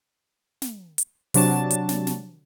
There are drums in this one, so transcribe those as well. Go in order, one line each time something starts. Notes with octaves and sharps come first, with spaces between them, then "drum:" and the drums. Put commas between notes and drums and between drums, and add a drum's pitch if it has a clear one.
drum: snare
drum: hi-hat
C3 F#3 D4 A5, drum: open hi-hat
drum: hi-hat
drum: snare
drum: snare